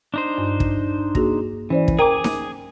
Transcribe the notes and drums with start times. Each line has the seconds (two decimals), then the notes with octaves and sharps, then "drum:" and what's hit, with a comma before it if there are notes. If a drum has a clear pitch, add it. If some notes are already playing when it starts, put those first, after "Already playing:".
0.14 D4 D#4 C5
0.38 G2
0.60 drum: kick
1.15 A#3 F#4 G#4, drum: kick
1.70 E3 C#4 C5 D5
1.88 drum: kick
1.99 G#4 A#4 G5 G#5 A#5 D6
2.24 drum: snare D#4